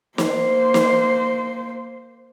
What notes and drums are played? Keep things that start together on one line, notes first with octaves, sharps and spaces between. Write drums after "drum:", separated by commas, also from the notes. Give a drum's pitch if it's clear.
A#3 C5, drum: snare
drum: snare